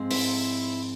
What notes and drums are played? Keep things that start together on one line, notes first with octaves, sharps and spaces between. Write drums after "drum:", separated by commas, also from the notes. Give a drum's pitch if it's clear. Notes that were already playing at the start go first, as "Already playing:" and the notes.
Already playing: G#2 F3 G#3 C4
E4, drum: open hi-hat